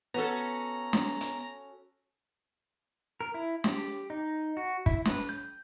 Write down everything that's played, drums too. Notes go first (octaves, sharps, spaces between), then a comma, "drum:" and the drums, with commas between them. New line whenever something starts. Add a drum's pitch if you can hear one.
B3 C#4 F#4 A4 A#5
drum: snare
drum: hi-hat
A#4
E4
G4, drum: snare
D#4
F#4
E4, drum: kick
B4, drum: snare
G6